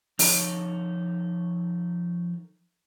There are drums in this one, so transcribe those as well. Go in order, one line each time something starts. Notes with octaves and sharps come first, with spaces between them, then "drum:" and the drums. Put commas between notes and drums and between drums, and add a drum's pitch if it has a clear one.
F3 D#4 A4 A#4 C#5, drum: open hi-hat